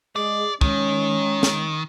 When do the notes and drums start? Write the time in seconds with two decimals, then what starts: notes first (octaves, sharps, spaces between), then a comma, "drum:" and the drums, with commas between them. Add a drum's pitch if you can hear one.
0.16 G#3 G#4 D5
0.61 D#3 G#3 C#4, drum: kick
1.43 drum: snare